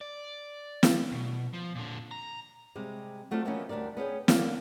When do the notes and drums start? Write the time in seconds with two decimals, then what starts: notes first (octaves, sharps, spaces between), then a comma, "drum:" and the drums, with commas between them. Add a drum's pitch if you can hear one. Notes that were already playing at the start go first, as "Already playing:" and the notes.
0.01 D5
0.83 drum: snare
1.12 D2 B2
1.53 F3
1.75 A#2 D3
2.11 A#5
2.75 C3 G3 G#3
3.31 F#3 A3 C4 F4 D5 F5
3.45 D#3 E3 F#3 A#3 B3 C#4
3.69 D2 G3 D4 A#4 D5
3.97 B3 C#4 G#4 G5
4.28 D3 A#3, drum: snare